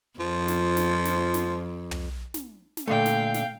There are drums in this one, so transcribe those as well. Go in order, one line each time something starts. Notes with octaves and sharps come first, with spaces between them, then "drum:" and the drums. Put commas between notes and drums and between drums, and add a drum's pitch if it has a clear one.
F2 F3
drum: snare
drum: snare
drum: snare
drum: snare
drum: tom
drum: snare
drum: snare
A#2 D3 A3 F5 G5
drum: snare
drum: snare